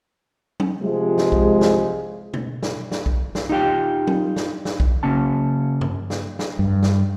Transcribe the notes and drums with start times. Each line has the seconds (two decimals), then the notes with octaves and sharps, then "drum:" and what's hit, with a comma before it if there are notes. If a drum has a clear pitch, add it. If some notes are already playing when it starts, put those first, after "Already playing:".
0.60 drum: tom F#3
0.81 C3 F3 G#3
1.18 drum: snare
1.32 drum: kick
1.61 drum: snare
2.34 drum: tom B2
2.63 drum: snare
2.91 drum: snare
3.06 drum: kick
3.35 drum: snare
3.49 D#4 F4 G4 G5
4.07 drum: tom F#3
4.36 drum: snare
4.65 drum: snare
4.80 drum: kick
5.03 C#3 A#3 C#4 A5
5.81 drum: tom G2
6.10 drum: snare
6.39 drum: snare
6.59 G2
6.83 drum: snare